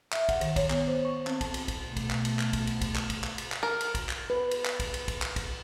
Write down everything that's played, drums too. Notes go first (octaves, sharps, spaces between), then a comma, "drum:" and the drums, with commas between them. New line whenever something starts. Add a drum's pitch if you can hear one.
E5, drum: clap
F#5, drum: kick, cymbal
D#3, drum: cymbal
C#5, drum: kick, cymbal
B3, drum: clap
C5
C#6
C4, drum: clap
A5, drum: kick, cymbal
drum: cymbal
drum: kick, cymbal
B2 A3
drum: kick, cymbal
drum: clap
drum: cymbal
drum: clap
drum: kick, cymbal
drum: cymbal
drum: kick, cymbal
drum: clap
drum: kick, cymbal
drum: clap
drum: cymbal
drum: clap
A#4
drum: cymbal
drum: kick, cymbal
drum: clap
B4
drum: cymbal
drum: clap
drum: kick, cymbal
drum: cymbal
drum: kick, cymbal
drum: clap
drum: kick, cymbal